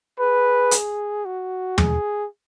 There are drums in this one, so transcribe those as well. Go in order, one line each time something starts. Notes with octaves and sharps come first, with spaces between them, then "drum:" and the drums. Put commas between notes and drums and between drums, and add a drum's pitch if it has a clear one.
G#4 B4
drum: hi-hat
F#4
G#4, drum: tom